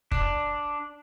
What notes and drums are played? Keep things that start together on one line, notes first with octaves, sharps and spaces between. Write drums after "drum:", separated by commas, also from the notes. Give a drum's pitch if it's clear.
D4, drum: kick